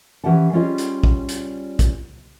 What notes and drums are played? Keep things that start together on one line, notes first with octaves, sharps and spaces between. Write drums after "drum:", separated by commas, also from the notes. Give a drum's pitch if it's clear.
E3 C#4 G4 F#5 A5
G3 C#4 F4 G#4 C#5 D#5
drum: hi-hat
drum: kick
drum: hi-hat
drum: kick, hi-hat